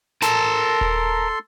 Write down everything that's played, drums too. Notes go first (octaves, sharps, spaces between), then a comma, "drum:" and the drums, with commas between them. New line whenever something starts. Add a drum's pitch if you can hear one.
A4 A#4 A5 C6, drum: snare
drum: kick D#1